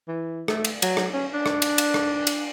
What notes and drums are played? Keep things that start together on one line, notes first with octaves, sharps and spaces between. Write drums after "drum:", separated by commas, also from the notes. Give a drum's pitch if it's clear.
E3
A3, drum: rim click
drum: cymbal
F#3, drum: cymbal
drum: rim click
C#4
D4
drum: rim click
drum: cymbal
drum: cymbal
drum: rim click
drum: cymbal